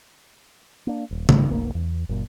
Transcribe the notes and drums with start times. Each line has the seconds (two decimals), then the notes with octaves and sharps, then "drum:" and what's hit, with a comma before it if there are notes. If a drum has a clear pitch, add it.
0.87 A#3 D4
1.11 D#1
1.29 A1 G#2 D#3 G3, drum: tom C#3
1.48 F1 B1 A#3
1.75 E2
2.09 F#1 A#2